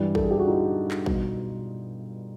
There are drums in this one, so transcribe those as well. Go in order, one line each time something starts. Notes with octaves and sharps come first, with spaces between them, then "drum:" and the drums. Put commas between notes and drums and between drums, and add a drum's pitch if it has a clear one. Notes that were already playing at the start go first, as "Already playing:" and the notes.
Already playing: G2 E3 G3
A4, drum: kick
G#4
G4
F#4
D#4 F4
drum: clap
B2 G3, drum: kick